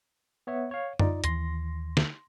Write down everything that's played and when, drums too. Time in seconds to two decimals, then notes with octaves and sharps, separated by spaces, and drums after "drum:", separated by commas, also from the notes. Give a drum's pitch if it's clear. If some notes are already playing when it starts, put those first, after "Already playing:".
0.47 B3 C#5 E5
0.71 C#5 F5
0.99 D#4 F4 D5, drum: tom F#2
1.24 D#2 E3 C6 A#6, drum: hi-hat
1.97 drum: snare